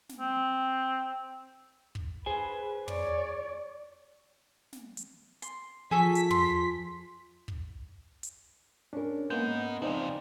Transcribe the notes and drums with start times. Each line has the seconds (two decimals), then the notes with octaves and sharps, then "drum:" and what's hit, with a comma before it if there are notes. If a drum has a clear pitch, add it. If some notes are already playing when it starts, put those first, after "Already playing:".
0.09 drum: snare
0.20 C4
1.95 drum: kick
2.26 G#4 B4 C5 G#5
2.88 C#5 D5, drum: tom
4.73 drum: snare
4.97 drum: hi-hat
5.42 C6, drum: hi-hat
5.91 F3 G#4 A4 C#6 B6
6.15 drum: hi-hat
6.30 C6, drum: tom
7.48 drum: kick
8.23 drum: hi-hat
8.93 C#4 D4 A#4
9.30 G#3 A#3 B3 D#4 G6
9.82 C#3 F3 C4 D#4 C5 D5